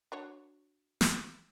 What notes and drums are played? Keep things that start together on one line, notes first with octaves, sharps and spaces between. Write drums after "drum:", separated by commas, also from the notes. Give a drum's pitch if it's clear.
D4 F#4 C#5
drum: snare